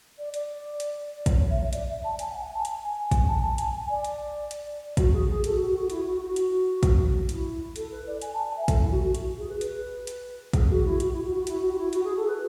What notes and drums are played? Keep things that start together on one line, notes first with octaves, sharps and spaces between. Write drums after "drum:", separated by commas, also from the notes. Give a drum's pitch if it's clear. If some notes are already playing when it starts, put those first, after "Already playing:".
D5
D5, drum: hi-hat
drum: hi-hat
C#5, drum: kick, hi-hat
C#5
E5
E5
D5, drum: hi-hat
E5
A5
G#5, drum: hi-hat
F#5
G#5
A5
G#5, drum: hi-hat
G#5, drum: kick, hi-hat
A5
A5
G#5, drum: hi-hat
G#5
D5
drum: hi-hat
drum: hi-hat
F#4, drum: kick, hi-hat
G#4
G#4
A4, drum: hi-hat
F#4
F#4
F#4
E4, drum: hi-hat
F#4
F#4
drum: hi-hat
drum: kick, hi-hat
E4, drum: hi-hat
A4, drum: hi-hat
B4
D5
G#5, drum: hi-hat
A5
G#5
E5
A4, drum: kick, hi-hat
E4
F#4
F#4
drum: hi-hat
G#4
B4
B4, drum: hi-hat
drum: hi-hat
G#4, drum: kick, hi-hat
F#4
E4
F#4, drum: hi-hat
E4
F#4
F#4
E4, drum: hi-hat
F#4
F#4
E4
F#4, drum: hi-hat
G#4
A4
B4